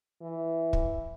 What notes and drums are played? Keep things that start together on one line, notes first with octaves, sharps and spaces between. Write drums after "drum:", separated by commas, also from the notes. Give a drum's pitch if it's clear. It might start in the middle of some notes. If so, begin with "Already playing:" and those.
E3
drum: kick